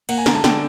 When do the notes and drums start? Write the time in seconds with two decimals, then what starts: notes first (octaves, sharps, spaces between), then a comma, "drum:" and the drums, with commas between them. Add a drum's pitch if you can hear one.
0.09 A#3 F#5, drum: cymbal
0.18 G#5
0.26 D3 A#5, drum: snare
0.35 A5
0.44 D3 G5, drum: snare